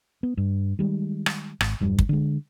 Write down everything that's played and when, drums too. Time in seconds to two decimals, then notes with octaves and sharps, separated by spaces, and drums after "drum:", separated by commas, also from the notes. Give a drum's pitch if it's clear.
0.23 B3
0.37 G2
0.79 D#3 G3 G#3
1.26 drum: rim click
1.61 G#1, drum: rim click
1.80 E1 G2 F#3 G3
1.99 drum: kick
2.09 D3 G#3